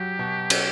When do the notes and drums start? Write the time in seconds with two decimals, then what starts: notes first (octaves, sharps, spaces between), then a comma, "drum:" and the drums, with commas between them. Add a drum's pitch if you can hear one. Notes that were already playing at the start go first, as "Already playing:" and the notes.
Already playing: F#3 F#4 G4
0.19 B2
0.50 C#4, drum: cymbal